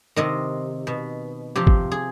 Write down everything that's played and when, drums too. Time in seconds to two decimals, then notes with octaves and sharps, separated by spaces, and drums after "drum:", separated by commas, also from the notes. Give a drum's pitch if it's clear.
0.16 C3 D#3 D#5
0.87 B2
1.56 C3 F3 G4
1.67 drum: kick
1.92 G#4